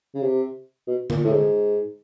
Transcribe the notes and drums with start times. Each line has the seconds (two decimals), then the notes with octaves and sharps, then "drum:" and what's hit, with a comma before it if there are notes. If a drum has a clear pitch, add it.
0.14 C#3
0.22 C3
0.87 B2
1.10 A#2, drum: tom D3
1.24 A2
1.31 G#2